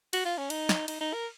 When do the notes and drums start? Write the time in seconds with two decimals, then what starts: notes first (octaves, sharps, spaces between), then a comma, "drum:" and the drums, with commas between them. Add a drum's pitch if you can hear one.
0.13 F#4, drum: cymbal
0.25 F4
0.38 C#4
0.50 D#4, drum: cymbal
0.69 drum: snare
0.88 D#4, drum: cymbal
1.00 D#4
1.13 A#4